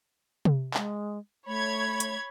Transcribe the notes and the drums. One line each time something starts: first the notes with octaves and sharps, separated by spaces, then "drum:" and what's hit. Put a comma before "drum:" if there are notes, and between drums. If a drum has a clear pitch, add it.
drum: tom C3
G#3, drum: clap
A3 C#5 B5 G#6
drum: hi-hat